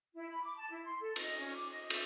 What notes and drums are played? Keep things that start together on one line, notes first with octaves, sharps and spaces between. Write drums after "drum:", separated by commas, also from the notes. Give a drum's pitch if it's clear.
E4
B5
D6
A5
E4
C6
A4
D#5, drum: cymbal
C#4
D6
D#5
E5, drum: cymbal